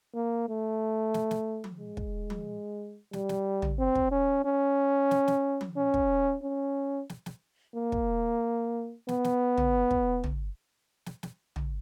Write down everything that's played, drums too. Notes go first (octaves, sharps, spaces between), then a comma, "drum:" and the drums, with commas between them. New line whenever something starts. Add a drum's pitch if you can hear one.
A#3
A3
drum: snare
drum: snare
drum: tom F3
G#3
drum: kick
drum: tom F3
G3, drum: snare
drum: snare
drum: tom
C4
drum: kick
C#4
C#4
drum: snare
drum: snare
drum: tom F3
C#4
drum: kick
C#4
drum: snare
drum: snare
A#3
drum: kick
B3, drum: snare
drum: snare
drum: tom
drum: kick
drum: tom
drum: snare
drum: snare
drum: tom